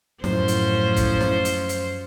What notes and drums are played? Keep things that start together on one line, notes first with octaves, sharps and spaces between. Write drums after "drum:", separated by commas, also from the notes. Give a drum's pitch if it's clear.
F#2 A2 F3 C#4 C5, drum: snare
drum: hi-hat
drum: kick, hi-hat
drum: snare
drum: hi-hat
drum: hi-hat